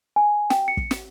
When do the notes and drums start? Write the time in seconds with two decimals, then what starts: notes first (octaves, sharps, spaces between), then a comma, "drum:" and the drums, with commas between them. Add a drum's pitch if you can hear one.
0.16 G#5
0.50 G5, drum: snare
0.68 C#7
0.77 drum: kick
0.91 drum: snare